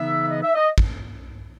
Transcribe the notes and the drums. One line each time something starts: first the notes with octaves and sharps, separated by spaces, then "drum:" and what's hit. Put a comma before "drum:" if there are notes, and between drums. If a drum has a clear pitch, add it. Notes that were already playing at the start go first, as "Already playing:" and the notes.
Already playing: C#3 E3 B3 D#4 E5
D#5
E5
D#5
drum: kick